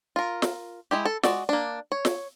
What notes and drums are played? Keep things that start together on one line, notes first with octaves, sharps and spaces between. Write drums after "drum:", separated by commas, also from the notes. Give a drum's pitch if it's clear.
F4 A#4
drum: snare
G#3 E4 G4
A4
G#3 F#4 D5, drum: snare
A#3 D4
C#5
drum: snare